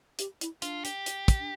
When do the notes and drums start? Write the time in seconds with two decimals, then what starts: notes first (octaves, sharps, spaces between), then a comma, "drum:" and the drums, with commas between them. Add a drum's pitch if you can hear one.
0.19 G4, drum: hi-hat
0.41 E4, drum: hi-hat
0.62 D4 F4, drum: hi-hat
0.85 G4, drum: hi-hat
1.06 drum: hi-hat
1.28 drum: kick, hi-hat
1.40 D4